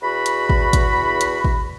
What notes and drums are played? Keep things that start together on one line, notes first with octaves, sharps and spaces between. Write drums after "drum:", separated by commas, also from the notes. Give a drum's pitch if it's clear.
E2 F#4 B5
drum: hi-hat
drum: kick G#1
drum: kick G#1, hi-hat
drum: hi-hat
drum: kick G#1